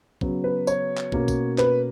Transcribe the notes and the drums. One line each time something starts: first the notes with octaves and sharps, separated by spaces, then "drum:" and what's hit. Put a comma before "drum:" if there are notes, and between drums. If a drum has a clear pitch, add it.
C#3 F#3 B3, drum: kick
B4
C#5, drum: tambourine
drum: clap
B2 A#3 C#4, drum: kick
drum: kick, tambourine
B4, drum: clap